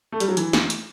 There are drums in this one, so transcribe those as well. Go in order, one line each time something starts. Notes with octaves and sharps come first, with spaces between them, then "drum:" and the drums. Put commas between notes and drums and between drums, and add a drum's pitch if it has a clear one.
A3
G3, drum: hi-hat
F#3
E3, drum: hi-hat
drum: snare
drum: hi-hat